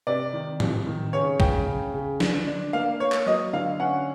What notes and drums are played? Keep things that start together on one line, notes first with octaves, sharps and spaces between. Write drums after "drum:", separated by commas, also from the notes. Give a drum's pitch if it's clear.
C3 D5
D#3
C3, drum: tom
D#3
C#3 C#5
C#3 G5, drum: kick
C#3
C#3
D3, drum: snare
D4
A#3 F5
A#3 C#5
drum: clap
F#3 D#5
D3 F5
C#4 F#5